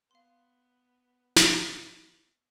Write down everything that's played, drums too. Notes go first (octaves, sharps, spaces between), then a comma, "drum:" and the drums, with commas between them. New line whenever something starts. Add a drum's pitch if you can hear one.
B3 F5 C6
drum: snare